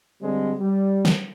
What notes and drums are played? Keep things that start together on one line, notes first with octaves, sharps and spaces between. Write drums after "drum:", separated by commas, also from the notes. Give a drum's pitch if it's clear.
D3 G3 G#3 C4
G3
drum: snare